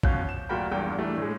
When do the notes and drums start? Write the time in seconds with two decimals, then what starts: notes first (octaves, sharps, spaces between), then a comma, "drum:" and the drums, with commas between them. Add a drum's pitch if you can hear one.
0.03 D#2 B2 F3 C#4 F5 G6, drum: kick A#1
0.29 E7
0.49 D1 A#2 F#4 A#4 G5 B5
0.72 G#1 E2 G2 A#2 A#4 G5
0.98 E3 G3 A3 D4
1.18 A2 G#3